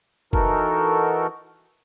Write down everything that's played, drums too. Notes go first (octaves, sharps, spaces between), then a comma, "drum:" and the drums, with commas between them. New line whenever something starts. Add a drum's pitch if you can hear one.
E3 D#4 F#4 A4 A#4, drum: kick F#1